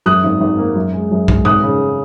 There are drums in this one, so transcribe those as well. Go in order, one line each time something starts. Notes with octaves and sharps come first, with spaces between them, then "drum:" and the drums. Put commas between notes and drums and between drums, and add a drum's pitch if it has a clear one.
F#2 D#6 F#6
G#1
G#1
A#3
F#2
G#3
F#2
G#3, drum: kick B1
G#1 D#6 F#6, drum: tom A#2
C#3